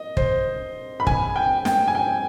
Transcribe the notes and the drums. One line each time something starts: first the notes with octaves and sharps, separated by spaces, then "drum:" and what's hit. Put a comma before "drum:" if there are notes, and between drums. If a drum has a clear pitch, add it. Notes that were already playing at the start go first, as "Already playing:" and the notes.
Already playing: D#5
C5, drum: kick
B5
G#5, drum: kick
G5
G5, drum: snare
G#5
G5